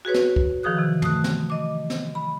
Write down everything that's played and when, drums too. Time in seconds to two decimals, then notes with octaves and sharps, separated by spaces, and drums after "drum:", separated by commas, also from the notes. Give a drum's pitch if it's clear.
0.05 F#4 G#4 B4 C#5
0.14 drum: snare
0.36 drum: kick
0.63 D#3 F3 G#4 D#6 F#6
0.77 C3 E3
1.02 A3 D#6 F#6, drum: tom
1.24 drum: snare
1.50 D#5 D6
1.90 drum: snare
2.15 B5